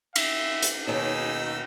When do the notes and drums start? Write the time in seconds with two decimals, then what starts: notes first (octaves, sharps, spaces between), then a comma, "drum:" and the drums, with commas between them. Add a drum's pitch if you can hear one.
0.16 E5, drum: cymbal
0.62 drum: hi-hat
0.87 D#2 B2 D#4 G#4 C#5 E6